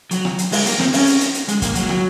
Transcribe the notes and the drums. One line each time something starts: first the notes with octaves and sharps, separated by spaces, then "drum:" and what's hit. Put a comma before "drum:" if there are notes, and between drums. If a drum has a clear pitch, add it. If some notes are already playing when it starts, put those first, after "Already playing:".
F#3, drum: hi-hat
drum: rim click
drum: hi-hat
G#3, drum: open hi-hat
A#3, drum: hi-hat
C4, drum: rim click
C#4, drum: open hi-hat
drum: hi-hat
drum: hi-hat
drum: hi-hat
G#3, drum: hi-hat
A#3, drum: kick, hi-hat
F#3, drum: hi-hat
drum: rim click